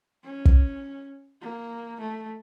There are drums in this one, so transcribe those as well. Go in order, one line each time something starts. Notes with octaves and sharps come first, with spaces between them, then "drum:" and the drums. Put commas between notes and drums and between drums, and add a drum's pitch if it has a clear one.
C#4
drum: kick
A#3
A3